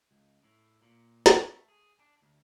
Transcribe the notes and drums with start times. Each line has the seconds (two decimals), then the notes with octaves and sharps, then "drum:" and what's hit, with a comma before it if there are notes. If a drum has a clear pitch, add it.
0.11 C#2
0.43 A2
0.82 A#2
1.26 drum: snare
1.46 A3
1.68 G#4
1.99 D4
2.22 D2